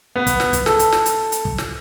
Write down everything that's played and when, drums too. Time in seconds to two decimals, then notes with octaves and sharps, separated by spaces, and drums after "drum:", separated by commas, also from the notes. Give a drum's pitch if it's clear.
0.16 B3
0.27 drum: kick, hi-hat
0.40 drum: snare
0.53 drum: kick, hi-hat
0.66 A4, drum: snare
0.79 drum: hi-hat
0.92 drum: snare
1.06 drum: hi-hat
1.32 drum: hi-hat
1.45 drum: kick
1.58 drum: snare